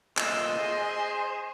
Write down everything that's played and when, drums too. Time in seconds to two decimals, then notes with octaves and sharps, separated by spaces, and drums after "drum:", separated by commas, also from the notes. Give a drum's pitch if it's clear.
0.17 A#2 A3 D#5 C6 E6, drum: clap
0.59 G#4 C5